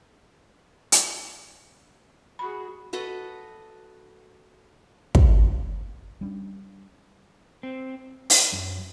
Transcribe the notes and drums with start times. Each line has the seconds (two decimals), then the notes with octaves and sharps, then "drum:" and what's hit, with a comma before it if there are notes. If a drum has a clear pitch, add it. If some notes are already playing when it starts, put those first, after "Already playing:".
0.92 drum: hi-hat
2.39 F#4 G#4 B5
2.93 F#4 A4 B4 D#5
5.15 drum: kick
6.21 G3 C#4 D4
7.63 C4
8.30 drum: open hi-hat
8.52 F#2